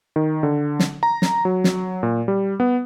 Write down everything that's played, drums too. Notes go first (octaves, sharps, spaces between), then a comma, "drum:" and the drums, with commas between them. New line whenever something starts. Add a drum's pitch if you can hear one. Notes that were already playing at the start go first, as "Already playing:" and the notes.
D#3
D3
drum: snare
A#5
drum: snare
F#3
drum: snare
A#2
G3
B3